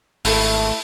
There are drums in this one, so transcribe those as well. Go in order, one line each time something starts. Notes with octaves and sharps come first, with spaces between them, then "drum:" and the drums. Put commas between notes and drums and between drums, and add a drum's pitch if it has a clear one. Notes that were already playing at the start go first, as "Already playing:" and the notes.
G#1 A3 E4 A4 E5, drum: open hi-hat